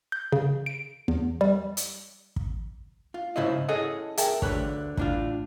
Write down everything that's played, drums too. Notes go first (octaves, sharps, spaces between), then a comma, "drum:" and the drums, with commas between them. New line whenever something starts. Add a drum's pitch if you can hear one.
G6
C#3
D7
E2
G3
drum: hi-hat
drum: kick
F4
G#2 C#3 E4 C5 D#5
C#4 E4 G#4 A4 D#5 F#5
G#4 A#4 E5 G5 A5, drum: hi-hat
D2 D3 D#3 B4 C#5, drum: kick
A2 D4 F4, drum: kick